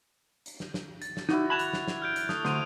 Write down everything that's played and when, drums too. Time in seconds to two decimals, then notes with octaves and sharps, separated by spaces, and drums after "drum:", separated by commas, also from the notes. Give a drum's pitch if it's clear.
0.46 drum: hi-hat
0.60 drum: snare
0.74 drum: snare
1.02 A6, drum: hi-hat
1.17 drum: snare
1.29 D#4 E4 F#4 D5, drum: snare
1.50 A5 B5 F#6 G#6 F7
1.59 drum: hi-hat
1.73 drum: snare
1.88 drum: snare
2.02 F6 G6 D7
2.16 drum: hi-hat
2.29 A3 D#6, drum: snare
2.45 D2 C5 D#6 D#7 F7, drum: snare